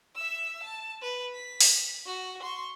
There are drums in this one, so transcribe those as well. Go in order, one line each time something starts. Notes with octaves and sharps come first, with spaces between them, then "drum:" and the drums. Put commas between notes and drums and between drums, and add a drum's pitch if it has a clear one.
E5 E6
A5
B4
B6
drum: open hi-hat
F#4
C6 C#6